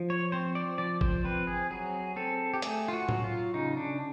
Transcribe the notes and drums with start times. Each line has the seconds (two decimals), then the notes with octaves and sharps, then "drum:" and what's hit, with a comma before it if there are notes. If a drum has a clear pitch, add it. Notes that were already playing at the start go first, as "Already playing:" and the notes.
Already playing: F3
0.10 C#5
0.32 C4 C5
0.55 D5
0.78 F3 D5
1.01 C5, drum: kick G1
1.24 C4 B4
1.47 G#4
1.71 F#3 G#4
2.16 C4 A4
2.54 G4
2.62 A3 G#4, drum: hi-hat
2.88 F4
2.93 F#4
3.09 F#3, drum: tom A2
3.24 F4
3.54 C#3 D#4
3.77 D4